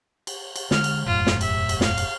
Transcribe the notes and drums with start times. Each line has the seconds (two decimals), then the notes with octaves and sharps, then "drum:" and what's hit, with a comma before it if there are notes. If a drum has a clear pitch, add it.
0.27 drum: cymbal
0.56 drum: cymbal
0.71 D3 G#3 F6, drum: snare
0.84 drum: cymbal
1.06 E1 F#2 A2 F4
1.27 drum: snare
1.41 E5, drum: cymbal
1.69 drum: cymbal
1.81 F5, drum: snare
1.98 drum: cymbal